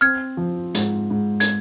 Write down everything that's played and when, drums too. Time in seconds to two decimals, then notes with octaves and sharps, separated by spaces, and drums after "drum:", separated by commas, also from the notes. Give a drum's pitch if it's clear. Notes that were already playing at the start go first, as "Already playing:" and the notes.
0.01 C4 F6 G#6
0.37 F3
0.74 G#2, drum: hi-hat
1.11 G#2
1.40 G#6, drum: hi-hat